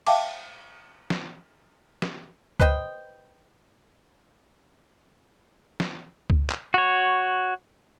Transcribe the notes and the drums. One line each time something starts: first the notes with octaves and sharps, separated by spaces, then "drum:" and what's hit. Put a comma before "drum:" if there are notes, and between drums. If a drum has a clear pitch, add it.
E5 F5 G5 A5 D6, drum: cymbal
drum: snare
drum: snare
B4 C5 D#5 G5, drum: kick C#2
drum: snare
drum: kick C#2
drum: clap
F#4 C#5